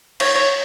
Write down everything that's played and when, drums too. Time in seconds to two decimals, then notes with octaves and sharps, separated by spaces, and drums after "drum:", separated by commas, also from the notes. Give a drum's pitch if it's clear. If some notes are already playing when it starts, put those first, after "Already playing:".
0.20 D#3 G3 C#5, drum: cymbal
0.35 C#5